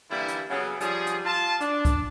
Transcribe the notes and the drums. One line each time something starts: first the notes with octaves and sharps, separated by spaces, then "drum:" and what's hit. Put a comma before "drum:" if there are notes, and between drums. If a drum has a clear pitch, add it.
D3 E3 G3 A#3 E4
drum: hi-hat
C#3 F#3 B3
F3 G3 G#4, drum: hi-hat
drum: hi-hat
F4 A5
D4, drum: hi-hat
drum: kick C2, hi-hat